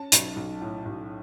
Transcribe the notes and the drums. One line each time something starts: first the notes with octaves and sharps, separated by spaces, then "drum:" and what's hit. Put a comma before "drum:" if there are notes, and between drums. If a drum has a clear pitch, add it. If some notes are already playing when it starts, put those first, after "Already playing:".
Already playing: C#4 A5
B1, drum: hi-hat
B1
A2
B1